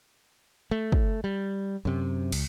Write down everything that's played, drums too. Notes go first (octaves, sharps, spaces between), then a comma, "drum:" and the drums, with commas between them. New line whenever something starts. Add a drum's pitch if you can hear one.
A3
drum: kick
G3
F#2 C3
C#2, drum: cymbal